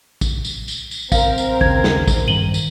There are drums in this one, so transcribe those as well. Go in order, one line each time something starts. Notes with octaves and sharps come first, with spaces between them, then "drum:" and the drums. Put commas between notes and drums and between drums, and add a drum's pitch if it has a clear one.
drum: kick, tambourine
drum: tambourine
drum: tambourine
drum: tambourine
C4 A#4 F5, drum: kick, tambourine
drum: tambourine
D#2 C#3 G#6, drum: kick
drum: snare
drum: kick, tambourine
G2 D#3 D#7 F#7 G7
drum: tambourine